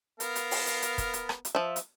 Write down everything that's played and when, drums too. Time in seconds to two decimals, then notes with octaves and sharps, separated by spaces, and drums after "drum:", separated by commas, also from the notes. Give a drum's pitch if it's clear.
0.20 B3 A#4 F5, drum: hi-hat
0.36 drum: hi-hat
0.51 drum: open hi-hat
0.67 drum: hi-hat
0.82 drum: hi-hat
0.98 drum: kick, hi-hat
1.13 drum: hi-hat
1.29 drum: rim click
1.45 drum: hi-hat
1.55 F3 E5
1.76 drum: hi-hat